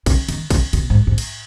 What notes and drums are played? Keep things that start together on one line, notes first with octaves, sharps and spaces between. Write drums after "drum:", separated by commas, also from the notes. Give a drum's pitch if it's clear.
C#3, drum: kick, cymbal
D#3, drum: cymbal
C#3, drum: kick, cymbal
B2, drum: cymbal
G#2
G#2
drum: cymbal